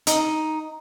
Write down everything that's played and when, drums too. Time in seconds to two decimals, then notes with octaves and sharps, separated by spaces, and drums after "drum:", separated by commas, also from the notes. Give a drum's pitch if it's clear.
0.07 D#4, drum: hi-hat